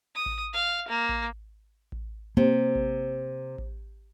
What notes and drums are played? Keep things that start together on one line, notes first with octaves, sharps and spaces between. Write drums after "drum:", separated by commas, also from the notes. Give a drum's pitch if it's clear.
D#6
drum: kick A1
F5
A#3
drum: kick A1
drum: kick A1
C3 A#3
drum: kick A1
drum: kick A1